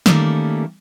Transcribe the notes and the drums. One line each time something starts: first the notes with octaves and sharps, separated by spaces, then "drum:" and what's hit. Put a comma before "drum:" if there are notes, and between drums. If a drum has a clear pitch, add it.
D#3 G3 A3 A#3 C#4, drum: snare